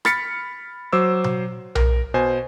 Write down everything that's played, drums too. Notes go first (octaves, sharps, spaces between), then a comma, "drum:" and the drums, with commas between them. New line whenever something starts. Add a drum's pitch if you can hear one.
B5 F6 A6 B6 C#7, drum: rim click
F#3 C5 D6 E6
drum: tom B2
A#4, drum: tom B1
B2 C5 G#5